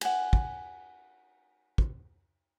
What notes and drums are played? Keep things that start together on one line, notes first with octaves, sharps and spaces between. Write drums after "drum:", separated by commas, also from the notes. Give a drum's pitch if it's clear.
F#5 G#5, drum: cymbal
drum: kick
drum: kick